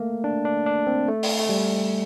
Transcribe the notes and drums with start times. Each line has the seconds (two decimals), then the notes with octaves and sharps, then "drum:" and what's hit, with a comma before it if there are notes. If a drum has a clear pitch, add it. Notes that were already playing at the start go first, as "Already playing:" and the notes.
Already playing: A3 A#3
0.24 D4
0.45 D4
0.66 D4
0.87 C4
1.08 A3
1.23 drum: open hi-hat
1.40 A3
1.49 G3